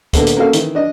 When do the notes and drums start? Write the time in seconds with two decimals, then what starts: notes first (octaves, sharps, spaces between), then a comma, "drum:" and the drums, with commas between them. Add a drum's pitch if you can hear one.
0.13 D3 A#3 B3 A4, drum: kick C#2, hi-hat
0.27 drum: hi-hat
0.37 A#3 C#4 F#4 A4 F5
0.53 D#3 E3, drum: hi-hat
0.75 D4 D#5